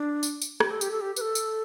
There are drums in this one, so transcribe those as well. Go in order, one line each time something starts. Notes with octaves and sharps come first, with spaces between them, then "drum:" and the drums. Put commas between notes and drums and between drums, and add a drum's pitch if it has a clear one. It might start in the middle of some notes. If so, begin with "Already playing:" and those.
Already playing: D4
drum: tambourine
drum: tambourine
G4, drum: rim click
A4
G4, drum: tambourine
A4
G4
B4, drum: tambourine
A4
drum: tambourine